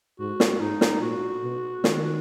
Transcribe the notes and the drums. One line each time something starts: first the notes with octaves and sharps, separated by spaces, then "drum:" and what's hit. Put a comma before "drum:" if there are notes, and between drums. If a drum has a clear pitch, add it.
G#2 F#4
drum: snare
G#2 D#4
drum: snare
A#2 F#4
B2
D#3, drum: snare